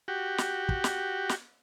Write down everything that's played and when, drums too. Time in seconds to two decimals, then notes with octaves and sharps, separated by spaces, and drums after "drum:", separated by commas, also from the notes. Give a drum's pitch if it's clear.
0.08 F#4 G4
0.38 drum: snare
0.69 drum: kick
0.84 drum: snare
1.29 drum: snare